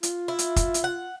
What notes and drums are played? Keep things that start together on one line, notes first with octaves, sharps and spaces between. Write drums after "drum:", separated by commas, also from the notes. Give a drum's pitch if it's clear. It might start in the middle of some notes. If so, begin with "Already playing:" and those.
F4, drum: hi-hat
E4
drum: hi-hat
drum: kick, hi-hat
drum: hi-hat
F#5